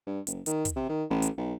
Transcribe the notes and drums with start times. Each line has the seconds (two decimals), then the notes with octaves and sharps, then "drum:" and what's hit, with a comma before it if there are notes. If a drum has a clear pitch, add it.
0.07 G2
0.27 F#1, drum: hi-hat
0.46 D#3, drum: hi-hat
0.65 drum: kick, hi-hat
0.76 C3
0.89 D#3
1.10 A1
1.22 drum: hi-hat
1.37 B1